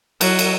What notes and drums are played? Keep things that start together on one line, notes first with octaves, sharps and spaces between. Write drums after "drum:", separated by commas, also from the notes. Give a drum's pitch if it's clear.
F#3, drum: cymbal
drum: cymbal